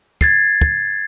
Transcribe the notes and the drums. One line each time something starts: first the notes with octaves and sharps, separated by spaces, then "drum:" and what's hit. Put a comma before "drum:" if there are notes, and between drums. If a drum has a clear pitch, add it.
G#6 A6 C7, drum: kick
drum: kick